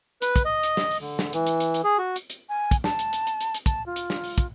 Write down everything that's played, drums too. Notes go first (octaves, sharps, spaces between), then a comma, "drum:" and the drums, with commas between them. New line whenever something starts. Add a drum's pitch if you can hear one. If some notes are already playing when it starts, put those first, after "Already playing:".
B4, drum: hi-hat
drum: kick, hi-hat
D#5
drum: hi-hat
drum: snare
drum: open hi-hat
D3
drum: snare
E3, drum: hi-hat
drum: hi-hat
drum: hi-hat
drum: hi-hat
G#4
F#4
drum: hi-hat
drum: hi-hat
G#5
drum: kick, hi-hat
A5, drum: snare
drum: hi-hat
drum: hi-hat
drum: hi-hat
drum: hi-hat
drum: hi-hat
A5, drum: kick, hi-hat
F4
drum: hi-hat
drum: snare
drum: open hi-hat
drum: kick, hi-hat